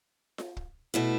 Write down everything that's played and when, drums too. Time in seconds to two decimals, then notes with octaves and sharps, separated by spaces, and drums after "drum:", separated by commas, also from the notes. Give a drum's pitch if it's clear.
0.38 drum: snare F4
0.57 drum: kick
0.94 B2 A3 E4